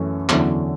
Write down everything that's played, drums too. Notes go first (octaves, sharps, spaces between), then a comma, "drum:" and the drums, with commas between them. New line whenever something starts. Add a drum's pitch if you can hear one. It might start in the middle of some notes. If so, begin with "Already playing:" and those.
Already playing: F#2 E3 A3 C#4
E2 D3 F#3 C#4 E4, drum: clap